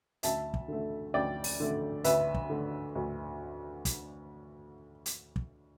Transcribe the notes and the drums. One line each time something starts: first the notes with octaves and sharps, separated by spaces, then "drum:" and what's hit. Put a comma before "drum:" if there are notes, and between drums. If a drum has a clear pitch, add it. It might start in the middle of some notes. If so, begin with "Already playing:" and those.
D2 E5 A5, drum: hi-hat
drum: kick
D3 A3
D2 D5 G5
drum: open hi-hat
D3 A3
D2 B4 E5, drum: hi-hat
drum: kick
D3 A3
D2
drum: kick, hi-hat
drum: hi-hat
drum: kick